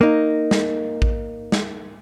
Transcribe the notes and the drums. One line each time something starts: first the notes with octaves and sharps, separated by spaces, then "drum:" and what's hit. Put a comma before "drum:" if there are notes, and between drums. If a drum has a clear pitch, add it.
A#3 D#4
drum: snare
drum: kick A1
drum: snare